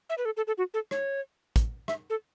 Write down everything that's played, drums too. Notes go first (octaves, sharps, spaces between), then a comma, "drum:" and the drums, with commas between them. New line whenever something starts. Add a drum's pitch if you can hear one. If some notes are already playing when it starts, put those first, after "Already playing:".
E5
B4
A4
A4
A4
F#4
A4
C#5, drum: rim click
drum: kick, hi-hat
E5, drum: rim click
A4